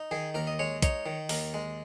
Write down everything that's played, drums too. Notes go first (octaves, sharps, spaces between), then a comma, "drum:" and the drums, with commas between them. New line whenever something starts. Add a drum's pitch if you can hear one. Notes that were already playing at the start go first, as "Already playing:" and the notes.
Already playing: D#4
D#3 G#4
D#2 A#4
D#5
G#3 C#5
D#4 C#5, drum: kick, hi-hat
D#3
D#2 A#4, drum: open hi-hat
G#3